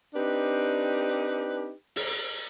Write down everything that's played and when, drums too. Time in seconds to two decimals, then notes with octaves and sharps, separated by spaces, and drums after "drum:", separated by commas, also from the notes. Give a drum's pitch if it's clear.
0.15 C4 D4 D#4 G4 B4
1.96 drum: open hi-hat